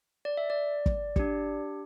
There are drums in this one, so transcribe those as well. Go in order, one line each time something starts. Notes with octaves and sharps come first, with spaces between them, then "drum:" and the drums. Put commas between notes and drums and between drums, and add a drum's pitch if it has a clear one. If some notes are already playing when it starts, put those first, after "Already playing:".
D5
E5
D5
drum: kick
D4 G4, drum: kick